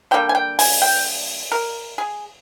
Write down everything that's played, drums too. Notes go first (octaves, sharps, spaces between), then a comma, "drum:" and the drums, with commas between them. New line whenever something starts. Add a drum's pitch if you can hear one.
D3 G3 A#3 G5
G#5
G5
G#5, drum: open hi-hat
G5
A#4
G#4